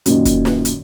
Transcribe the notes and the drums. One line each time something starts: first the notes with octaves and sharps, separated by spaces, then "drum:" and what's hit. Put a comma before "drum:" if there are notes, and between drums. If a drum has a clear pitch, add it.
F#2 A#2 D#3, drum: hi-hat
drum: kick, hi-hat
drum: snare
drum: hi-hat